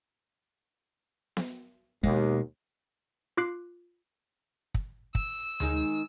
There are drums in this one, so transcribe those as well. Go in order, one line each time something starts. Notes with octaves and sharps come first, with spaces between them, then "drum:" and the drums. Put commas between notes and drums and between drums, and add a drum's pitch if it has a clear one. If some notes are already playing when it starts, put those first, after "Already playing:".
drum: snare B3
D#2 B2 G#3, drum: kick
F4 D6 F#6 C7
drum: kick
E6, drum: kick
D#3 G#3 D#4, drum: tom D2